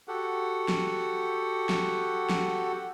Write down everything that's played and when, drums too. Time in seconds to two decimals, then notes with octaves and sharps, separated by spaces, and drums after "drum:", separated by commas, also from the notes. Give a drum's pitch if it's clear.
0.08 F#4 G4 A4 F#5
0.68 drum: snare
1.69 drum: snare
2.30 drum: snare